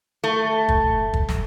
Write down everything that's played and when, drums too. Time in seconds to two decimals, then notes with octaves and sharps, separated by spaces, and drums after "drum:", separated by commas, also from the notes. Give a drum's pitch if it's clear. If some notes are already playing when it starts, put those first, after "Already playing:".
0.24 A3
0.69 drum: kick
1.14 drum: kick
1.29 drum: snare